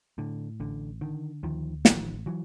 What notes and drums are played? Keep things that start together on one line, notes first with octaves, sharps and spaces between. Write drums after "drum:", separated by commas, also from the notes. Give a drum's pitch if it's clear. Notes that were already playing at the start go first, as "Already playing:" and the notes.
A2 D3
A1 D3
D3 D#3
D2 D#3 F3
A1 D#3 F3, drum: snare
E3 F#3